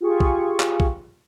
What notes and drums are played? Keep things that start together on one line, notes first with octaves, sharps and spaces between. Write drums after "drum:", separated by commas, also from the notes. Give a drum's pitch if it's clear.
F4 G4 G#4 C#6
drum: kick
drum: clap
drum: kick